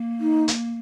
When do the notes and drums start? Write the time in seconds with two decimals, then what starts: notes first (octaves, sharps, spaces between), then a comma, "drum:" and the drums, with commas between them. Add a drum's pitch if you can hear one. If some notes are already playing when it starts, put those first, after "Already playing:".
Already playing: A#3
0.20 D#4
0.48 drum: hi-hat